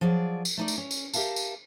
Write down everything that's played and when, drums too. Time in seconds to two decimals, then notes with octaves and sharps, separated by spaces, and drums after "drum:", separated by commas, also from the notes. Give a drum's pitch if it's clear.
0.01 F3 F#3 G#4 D5
0.45 drum: tambourine
0.58 A3 D#4 D5
0.68 drum: tambourine
0.78 C#4
0.91 drum: tambourine
1.14 G4 A#4 E5 F5 A5, drum: tambourine
1.36 drum: tambourine